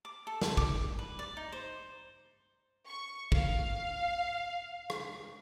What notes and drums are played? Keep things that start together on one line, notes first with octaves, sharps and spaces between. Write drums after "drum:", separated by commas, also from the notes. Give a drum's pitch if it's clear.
D6
A4
drum: snare
D6, drum: kick
B4
D5
D#4
C5
C#6
F5, drum: kick
drum: rim click